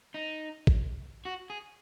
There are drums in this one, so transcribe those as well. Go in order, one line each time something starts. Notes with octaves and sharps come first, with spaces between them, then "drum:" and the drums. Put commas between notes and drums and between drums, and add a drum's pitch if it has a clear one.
D#4
drum: kick
F#4
G#4